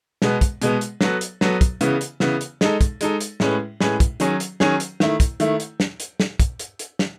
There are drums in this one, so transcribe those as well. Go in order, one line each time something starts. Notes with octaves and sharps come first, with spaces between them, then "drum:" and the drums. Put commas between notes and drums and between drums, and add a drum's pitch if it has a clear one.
B2 G#3 B3, drum: snare
drum: kick, hi-hat
B2 G#3 B3, drum: hi-hat
drum: hi-hat
F#3 B3 F#4 A4, drum: snare
drum: hi-hat
F#3 B3 F#4 A4, drum: snare
drum: kick, hi-hat
C#3 E3 B3, drum: hi-hat
drum: hi-hat
C#3 E3 B3, drum: snare
drum: hi-hat
G#3 D#4 A4, drum: snare
drum: kick, hi-hat
G#3 D#4 A4, drum: hi-hat
drum: hi-hat
A2 G#3 C#4 G#4 B4, drum: snare
A2 G#3 C#4 G#4 B4, drum: snare
drum: kick, hi-hat
D#3 F#3 C#4 G#4, drum: hi-hat
drum: hi-hat
D#3 F#3 C#4 G#4, drum: snare
drum: hi-hat
D#3 A3 E4, drum: snare
drum: kick, hi-hat
D#3 A3 E4, drum: hi-hat
drum: hi-hat
drum: snare
drum: hi-hat
drum: snare
drum: kick, hi-hat
drum: hi-hat
drum: hi-hat
drum: snare